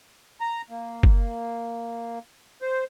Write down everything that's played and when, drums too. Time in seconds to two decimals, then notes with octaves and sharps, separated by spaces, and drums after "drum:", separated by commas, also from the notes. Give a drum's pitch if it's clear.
0.41 A#5
0.71 A#3
1.03 drum: kick F#1
2.62 C5